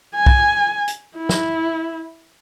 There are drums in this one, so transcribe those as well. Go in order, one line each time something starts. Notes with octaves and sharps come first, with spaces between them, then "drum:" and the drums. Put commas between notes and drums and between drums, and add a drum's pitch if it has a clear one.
G#5
drum: kick B1
drum: hi-hat
E4
drum: snare